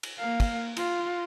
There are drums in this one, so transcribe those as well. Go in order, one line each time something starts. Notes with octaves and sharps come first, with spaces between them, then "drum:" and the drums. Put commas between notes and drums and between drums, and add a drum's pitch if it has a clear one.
drum: cymbal
A#3 F5
drum: kick, cymbal
F4, drum: cymbal